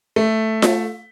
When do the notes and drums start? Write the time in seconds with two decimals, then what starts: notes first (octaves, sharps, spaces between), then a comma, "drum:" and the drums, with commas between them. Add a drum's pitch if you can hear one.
0.16 A3
0.62 drum: snare F4